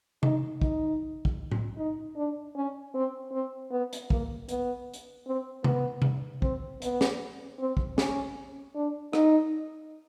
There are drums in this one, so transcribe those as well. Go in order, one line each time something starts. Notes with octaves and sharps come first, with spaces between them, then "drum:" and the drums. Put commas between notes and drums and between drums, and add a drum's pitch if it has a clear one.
D#4, drum: tom C3
D#4, drum: kick
drum: kick
drum: tom A2
D#4
D4
C#4
C4
C4
B3
drum: hi-hat
A#3, drum: kick
B3, drum: hi-hat
drum: hi-hat
C4
B3, drum: tom C3
drum: tom C3
C4, drum: kick
B3, drum: hi-hat
drum: snare
C4
drum: kick
C#4, drum: snare
D4
D#4, drum: rim click